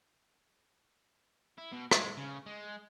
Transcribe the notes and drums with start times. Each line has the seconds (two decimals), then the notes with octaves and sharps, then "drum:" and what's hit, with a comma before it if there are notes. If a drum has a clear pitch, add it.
1.58 E4
1.73 B2
1.91 G#3, drum: rim click
2.17 C#3
2.46 G#3